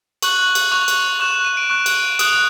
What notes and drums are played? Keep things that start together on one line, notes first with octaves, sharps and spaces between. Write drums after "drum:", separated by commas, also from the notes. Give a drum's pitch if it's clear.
C#6 F#6 F#7, drum: cymbal
drum: cymbal
C#6 F#6 F7
drum: cymbal
C#6 F#6 E7
E7
D#7
D7
C#6 F#6
drum: cymbal
D#6 F#6, drum: cymbal